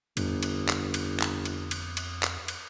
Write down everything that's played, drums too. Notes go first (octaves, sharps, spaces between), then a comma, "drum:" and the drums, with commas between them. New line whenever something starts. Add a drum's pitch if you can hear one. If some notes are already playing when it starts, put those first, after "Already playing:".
G1 F2, drum: cymbal
drum: cymbal
drum: clap
drum: cymbal
drum: clap
drum: cymbal
drum: cymbal
drum: cymbal
drum: clap
drum: cymbal